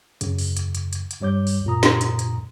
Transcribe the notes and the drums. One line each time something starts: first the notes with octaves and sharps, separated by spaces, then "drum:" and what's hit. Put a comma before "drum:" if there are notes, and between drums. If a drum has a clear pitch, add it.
F#2 C#3, drum: hi-hat
drum: open hi-hat
drum: hi-hat
drum: hi-hat
drum: hi-hat
drum: hi-hat
G2 G3 C#5 D6 G6
drum: open hi-hat
F#2 A#2 C#3 A#5 D#6
drum: snare
drum: hi-hat
drum: hi-hat